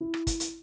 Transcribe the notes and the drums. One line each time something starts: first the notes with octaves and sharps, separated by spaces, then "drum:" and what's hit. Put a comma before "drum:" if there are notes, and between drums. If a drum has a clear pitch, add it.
E4
drum: rim click
drum: kick, hi-hat
drum: hi-hat